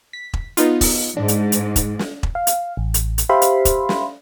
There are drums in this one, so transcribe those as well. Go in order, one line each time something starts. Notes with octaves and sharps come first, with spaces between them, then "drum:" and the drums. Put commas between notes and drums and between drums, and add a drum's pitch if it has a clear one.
B6
drum: kick E1
B3 D#4 F4, drum: hi-hat
drum: kick E1, open hi-hat
G#2 D4
drum: hi-hat
drum: hi-hat
drum: kick E1, hi-hat
drum: snare
drum: kick E1
F5
drum: hi-hat
A1
drum: hi-hat
drum: hi-hat
G4 C5 E5 F5 B5 C6
drum: hi-hat
drum: kick E1, hi-hat
drum: snare